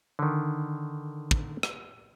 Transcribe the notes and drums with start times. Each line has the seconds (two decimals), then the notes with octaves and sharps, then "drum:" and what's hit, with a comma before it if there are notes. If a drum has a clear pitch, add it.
0.19 D3 D#3
1.31 drum: kick
1.63 drum: rim click